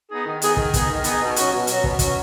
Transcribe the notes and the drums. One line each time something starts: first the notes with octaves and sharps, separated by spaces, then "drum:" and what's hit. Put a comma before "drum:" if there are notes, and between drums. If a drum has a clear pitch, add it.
B3 D#4 G#4
D#3
B3 D#4 G#4, drum: hi-hat
D#3, drum: kick
B3 D#4 G#4, drum: kick, hi-hat
D#3
B3 D#4 G#4, drum: hi-hat
B2
F#3 C#4 F#4, drum: hi-hat
B2
F#3 C#4 F#4, drum: hi-hat
B2, drum: kick
F#3 C#4 F#4, drum: kick, hi-hat